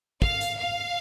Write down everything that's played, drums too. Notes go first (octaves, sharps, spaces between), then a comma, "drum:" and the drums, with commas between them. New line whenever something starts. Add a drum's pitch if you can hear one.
F5, drum: kick
drum: hi-hat
F5